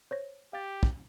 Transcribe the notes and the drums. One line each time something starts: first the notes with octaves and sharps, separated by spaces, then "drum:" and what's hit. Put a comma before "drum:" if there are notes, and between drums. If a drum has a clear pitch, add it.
C5 C#5 A#6
G4 F5 A6
drum: kick